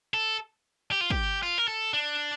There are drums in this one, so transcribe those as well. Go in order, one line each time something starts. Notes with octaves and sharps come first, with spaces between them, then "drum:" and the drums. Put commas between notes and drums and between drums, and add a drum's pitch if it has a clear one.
A4
G4
F4
G4, drum: kick
F4
A#4
A4
D4